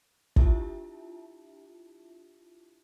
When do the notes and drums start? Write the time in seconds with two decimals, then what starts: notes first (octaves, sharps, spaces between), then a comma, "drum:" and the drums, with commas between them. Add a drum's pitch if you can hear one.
0.36 D4 E4 F4 G4 E5 A5, drum: kick